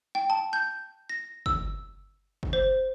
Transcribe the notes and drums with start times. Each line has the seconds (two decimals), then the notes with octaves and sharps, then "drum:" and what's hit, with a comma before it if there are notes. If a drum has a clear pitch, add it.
0.15 G5
0.30 A5
0.53 G6
1.09 A#6
1.46 E6, drum: kick
2.43 drum: kick
2.53 C5